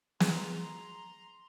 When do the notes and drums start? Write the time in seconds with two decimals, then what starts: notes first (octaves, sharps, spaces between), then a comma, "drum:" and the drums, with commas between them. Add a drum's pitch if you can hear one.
0.20 G#4 A#5 C6, drum: snare